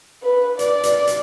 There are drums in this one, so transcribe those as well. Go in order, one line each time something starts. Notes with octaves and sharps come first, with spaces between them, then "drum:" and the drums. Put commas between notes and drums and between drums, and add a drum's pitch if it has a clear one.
B4
D5, drum: hi-hat
drum: hi-hat
drum: hi-hat